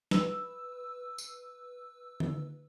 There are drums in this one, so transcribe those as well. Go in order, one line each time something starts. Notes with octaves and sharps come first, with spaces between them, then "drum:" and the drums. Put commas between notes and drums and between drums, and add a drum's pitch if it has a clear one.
B4 E6, drum: snare
drum: tambourine
drum: tom D3